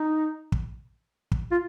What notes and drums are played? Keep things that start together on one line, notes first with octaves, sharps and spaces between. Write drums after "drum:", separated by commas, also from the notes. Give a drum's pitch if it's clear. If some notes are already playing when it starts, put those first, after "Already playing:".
Already playing: D#4
drum: kick
drum: kick
F4